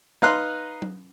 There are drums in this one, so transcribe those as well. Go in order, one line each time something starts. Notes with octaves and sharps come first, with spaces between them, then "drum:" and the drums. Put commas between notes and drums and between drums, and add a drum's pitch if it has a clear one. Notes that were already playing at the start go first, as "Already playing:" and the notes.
D#4 B4 F5 A#5 C6 F#6, drum: snare
drum: tom F#3